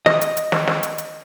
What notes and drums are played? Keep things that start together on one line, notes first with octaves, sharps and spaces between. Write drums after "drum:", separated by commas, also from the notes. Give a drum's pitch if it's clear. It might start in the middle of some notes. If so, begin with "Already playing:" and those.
D#5, drum: snare
drum: hi-hat
drum: hi-hat
drum: snare
drum: snare
drum: hi-hat
drum: hi-hat